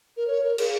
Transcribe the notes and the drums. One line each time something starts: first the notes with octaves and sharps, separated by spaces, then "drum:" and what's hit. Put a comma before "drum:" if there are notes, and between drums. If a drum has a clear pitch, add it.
A#4
C#5
A#4
G#4, drum: cymbal